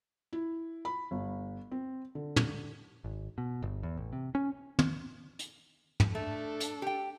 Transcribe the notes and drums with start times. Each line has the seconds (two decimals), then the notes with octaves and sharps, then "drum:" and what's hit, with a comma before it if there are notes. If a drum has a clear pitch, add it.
0.33 E4
0.85 B5
1.11 G1
1.72 C4
2.15 D3
2.36 drum: tom
3.04 G#1
3.38 B2
3.62 G1
3.83 E2
3.97 A1
4.13 C3
4.35 C#4
4.79 drum: tom
5.39 drum: hi-hat
6.00 drum: tom
6.15 A3 D4 A4
6.60 drum: hi-hat
6.82 G4 G5